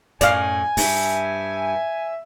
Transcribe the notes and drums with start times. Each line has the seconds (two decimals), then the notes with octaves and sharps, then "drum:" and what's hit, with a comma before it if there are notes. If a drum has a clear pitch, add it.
0.21 F#2 A2 D5 F5 G#5, drum: hi-hat
0.77 G2 E5, drum: open hi-hat